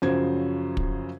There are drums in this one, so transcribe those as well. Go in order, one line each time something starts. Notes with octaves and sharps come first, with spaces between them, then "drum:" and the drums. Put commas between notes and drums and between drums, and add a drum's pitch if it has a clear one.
F#2 C#3 F3 F#4 C5 G#6
drum: kick